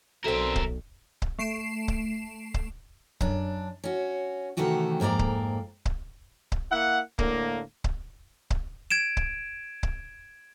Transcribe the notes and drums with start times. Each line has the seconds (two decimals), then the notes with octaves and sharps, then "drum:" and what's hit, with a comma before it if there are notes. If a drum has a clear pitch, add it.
0.24 B1 D3 C4 F#4 A4 A#4 E5
0.56 drum: kick C#1
1.22 drum: kick C#1
1.39 A3 C7 D7 E7
1.88 drum: kick C#1
2.54 drum: kick C#1
3.21 F#2 D4, drum: kick C#1
3.84 C#4 F#4
4.57 C3 D#3 E3 A3 F#4 G4
5.00 F2 G#2 A#3 D5 A#5
5.19 drum: kick C#1
5.85 drum: kick C#1
6.52 drum: kick C#1
6.72 A#3 E4 F#5
7.19 A2 D3 A#3, drum: kick C#1
7.84 drum: kick C#1
8.50 drum: kick C#1
8.91 G#6 D7 E7
9.17 drum: kick C#1
9.83 drum: kick C#1